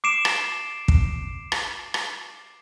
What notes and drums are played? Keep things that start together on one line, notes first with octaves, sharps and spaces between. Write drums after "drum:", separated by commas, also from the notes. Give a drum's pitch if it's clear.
D6 C7 D7 E7
drum: rim click
drum: kick
drum: rim click
drum: rim click